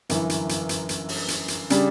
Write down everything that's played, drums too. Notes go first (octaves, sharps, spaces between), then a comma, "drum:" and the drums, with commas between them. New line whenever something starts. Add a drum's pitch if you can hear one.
G1 F#2 E3, drum: hi-hat
drum: hi-hat
drum: hi-hat
drum: hi-hat
drum: hi-hat
drum: open hi-hat
drum: hi-hat
drum: hi-hat
C#3 G3 D4, drum: hi-hat